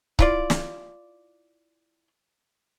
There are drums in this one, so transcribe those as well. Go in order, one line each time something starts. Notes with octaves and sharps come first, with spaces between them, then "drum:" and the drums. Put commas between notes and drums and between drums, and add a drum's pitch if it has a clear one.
E4 F4 D5, drum: kick C#1
drum: snare